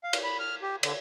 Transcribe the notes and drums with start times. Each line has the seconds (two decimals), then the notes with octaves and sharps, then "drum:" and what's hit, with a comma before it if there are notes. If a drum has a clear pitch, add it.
0.04 F5
0.13 drum: cymbal
0.24 B5
0.39 F6
0.62 G4
0.83 D3, drum: cymbal